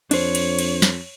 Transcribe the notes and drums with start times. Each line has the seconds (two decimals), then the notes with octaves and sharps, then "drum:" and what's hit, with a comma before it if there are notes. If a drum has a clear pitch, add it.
0.11 F2 D4 C5 C#5, drum: cymbal
0.35 drum: cymbal
0.59 drum: cymbal
0.82 drum: snare